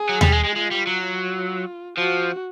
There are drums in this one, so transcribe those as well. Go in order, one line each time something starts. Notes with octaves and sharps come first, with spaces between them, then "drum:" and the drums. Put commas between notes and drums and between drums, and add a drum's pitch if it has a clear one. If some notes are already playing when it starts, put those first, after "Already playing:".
Already playing: G#4
F#3
G3, drum: tom D#2
G#3
G#3
G#3 F4
G3
F#3
F4
F3 F#4